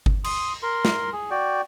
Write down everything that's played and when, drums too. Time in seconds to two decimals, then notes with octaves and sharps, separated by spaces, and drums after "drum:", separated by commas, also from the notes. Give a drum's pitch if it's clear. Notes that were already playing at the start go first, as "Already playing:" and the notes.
0.06 drum: kick G1
0.24 C6 D#6, drum: cymbal
0.63 A#4 C6
0.85 drum: snare
1.13 G#4
1.30 F#4 D5 G5